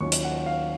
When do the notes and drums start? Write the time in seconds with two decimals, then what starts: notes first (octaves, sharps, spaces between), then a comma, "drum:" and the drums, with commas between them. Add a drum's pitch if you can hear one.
0.01 D#2 D#3 F#3 C#4 F4 C#6
0.12 drum: hi-hat
0.25 F#5
0.46 F5